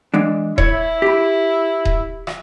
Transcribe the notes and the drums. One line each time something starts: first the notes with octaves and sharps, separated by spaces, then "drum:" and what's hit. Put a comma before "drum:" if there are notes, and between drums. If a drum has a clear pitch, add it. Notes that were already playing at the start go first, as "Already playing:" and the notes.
E3 G#3 D4
E4 C#5, drum: kick D#1
G4 B5
drum: kick D#1
drum: rim click